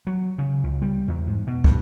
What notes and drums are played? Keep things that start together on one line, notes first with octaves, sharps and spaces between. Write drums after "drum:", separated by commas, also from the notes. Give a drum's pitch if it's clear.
F#3
C#3
C#2
G3
E2
G#2
B2
G2, drum: kick